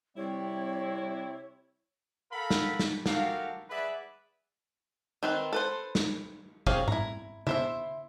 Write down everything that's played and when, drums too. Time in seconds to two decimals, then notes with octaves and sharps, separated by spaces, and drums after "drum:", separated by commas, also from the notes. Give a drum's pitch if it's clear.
0.17 C3 G3 C4 E4 C#5 D5
2.32 A4 A#4 F5 F#5 B5
2.50 drum: snare
2.79 drum: snare
3.06 F#4 G4 A4 A#4 F5, drum: snare
3.70 G#4 B4 D5 E5 F#5 B5
5.23 D#3 C4 B4
5.53 A4 B4 C5
5.95 drum: snare
6.67 C4 G#4 C#5 F5, drum: kick
6.88 E4 A#5, drum: tom G#2
7.47 E4 C5 E5, drum: tom C#3